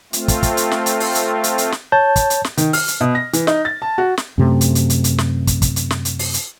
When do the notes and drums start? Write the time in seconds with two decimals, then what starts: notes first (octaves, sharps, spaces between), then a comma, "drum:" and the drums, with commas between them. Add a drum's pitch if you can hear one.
0.13 A3 C4 F4, drum: hi-hat
0.28 drum: kick, hi-hat
0.43 drum: kick, hi-hat
0.57 drum: hi-hat
0.71 drum: snare
0.86 drum: hi-hat
1.00 drum: open hi-hat
1.15 drum: hi-hat
1.44 drum: hi-hat
1.58 drum: hi-hat
1.72 drum: snare
1.92 C#5 A5 G6
2.16 drum: kick, hi-hat
2.30 drum: hi-hat
2.44 drum: snare
2.57 D#3, drum: hi-hat
2.73 F6, drum: open hi-hat
2.88 drum: hi-hat
3.01 B2
3.15 A#6
3.33 E3, drum: hi-hat
3.47 D#4, drum: snare
3.65 A6
3.82 A5
3.98 F#4
4.17 drum: snare
4.38 F#2 C3 A3
4.61 drum: hi-hat
4.75 drum: hi-hat
4.90 drum: hi-hat
5.04 drum: hi-hat
5.18 drum: snare
5.47 drum: kick, hi-hat
5.62 drum: kick, hi-hat
5.76 drum: hi-hat
5.91 drum: snare
6.05 drum: hi-hat
6.19 drum: open hi-hat
6.34 drum: hi-hat